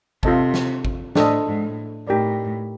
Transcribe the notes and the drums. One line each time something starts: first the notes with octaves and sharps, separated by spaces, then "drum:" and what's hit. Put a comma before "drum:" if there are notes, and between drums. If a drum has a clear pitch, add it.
C3 F4 A4 D#5 A5, drum: kick G#1
drum: snare
drum: kick G#1
A2 D4 A4 C5 D#5, drum: snare
A2
A2 D#4 G4 A#4 D5